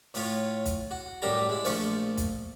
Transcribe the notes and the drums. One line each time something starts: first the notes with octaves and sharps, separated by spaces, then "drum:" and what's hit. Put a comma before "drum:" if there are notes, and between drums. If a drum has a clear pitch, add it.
A2 F4 C#5, drum: open hi-hat
drum: kick, hi-hat
F#4
F#2 A2 G3 G4 A5 A#5
G#3 E4
A#1 F3 A3 C#6, drum: open hi-hat
drum: kick, hi-hat